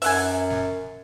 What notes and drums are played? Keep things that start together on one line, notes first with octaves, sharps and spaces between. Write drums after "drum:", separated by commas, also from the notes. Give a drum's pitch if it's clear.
F#2 E5 F#5 G#5, drum: open hi-hat
drum: snare